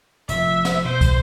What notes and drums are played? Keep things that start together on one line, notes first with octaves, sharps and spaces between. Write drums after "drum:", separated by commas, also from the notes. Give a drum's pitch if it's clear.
F1 F3 E5, drum: hi-hat
drum: snare
B2 C5
drum: kick, hi-hat